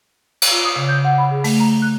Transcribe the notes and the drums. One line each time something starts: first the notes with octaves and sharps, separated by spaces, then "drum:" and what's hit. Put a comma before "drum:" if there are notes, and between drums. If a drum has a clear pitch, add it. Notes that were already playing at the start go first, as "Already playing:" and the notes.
drum: cymbal
F4
D#6
C#3
G6
F#5
B5
G#4
A3, drum: open hi-hat
A#5
F#6